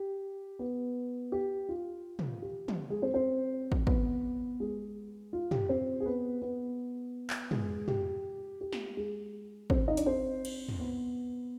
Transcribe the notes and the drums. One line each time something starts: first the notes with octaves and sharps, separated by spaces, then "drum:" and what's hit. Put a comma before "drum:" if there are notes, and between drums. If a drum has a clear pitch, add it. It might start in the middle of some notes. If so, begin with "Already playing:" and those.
Already playing: G4
B3 B4
G4
F4
drum: tom
G4
drum: tom
G#3 G#4
C4 C5
C4 C5
drum: kick
B3 B4, drum: kick
G#3 G#4
F4
G4, drum: tom
C4 C5
G#4
B3 B4
B3 B4
drum: clap
G#3 G#4, drum: tom
G4, drum: tom
G4
drum: snare
G#3 G#4
C4 C5, drum: kick
D#4 D#5
D4 D5, drum: hi-hat
C4 C5
drum: cymbal
drum: tom
B3 B4